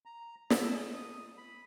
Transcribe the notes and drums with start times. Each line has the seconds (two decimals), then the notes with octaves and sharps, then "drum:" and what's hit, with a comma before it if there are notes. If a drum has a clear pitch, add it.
0.06 A#5
0.50 E6, drum: snare
0.72 D#5
0.96 D#6
1.37 B5